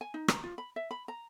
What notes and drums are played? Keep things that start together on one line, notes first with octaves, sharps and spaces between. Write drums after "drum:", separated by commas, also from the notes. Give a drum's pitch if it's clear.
G#5
D#4
A#5, drum: rim click
F4
B5
E5
B5
A#5